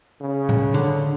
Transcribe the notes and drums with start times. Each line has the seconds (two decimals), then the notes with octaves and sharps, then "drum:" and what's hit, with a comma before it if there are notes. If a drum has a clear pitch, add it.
0.21 C#3
0.49 drum: tom A2
0.74 D3